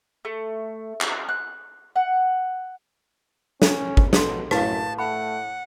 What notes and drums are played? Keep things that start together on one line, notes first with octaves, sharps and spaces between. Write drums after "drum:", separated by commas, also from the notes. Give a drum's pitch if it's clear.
A3
drum: clap
F#6
F#5
C#4, drum: snare
drum: kick
B2 A4 C6, drum: snare
F#2 A2 B4 F5 A5, drum: rim click
A3 F#5 B5